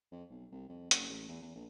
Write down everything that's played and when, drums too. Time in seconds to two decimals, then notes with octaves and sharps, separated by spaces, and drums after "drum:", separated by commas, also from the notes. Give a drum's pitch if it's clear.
0.12 F2
0.30 B1
0.52 C2
0.69 F2
0.91 F#1, drum: hi-hat
1.10 A1
1.28 E2
1.42 E2
1.56 A#1